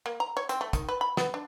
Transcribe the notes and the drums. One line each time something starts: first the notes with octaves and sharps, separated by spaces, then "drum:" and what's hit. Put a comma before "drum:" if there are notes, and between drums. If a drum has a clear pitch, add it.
A#3
A#5
C#5
C4, drum: hi-hat
A3
D#3, drum: kick, hi-hat
B4
B5
B3, drum: snare
D4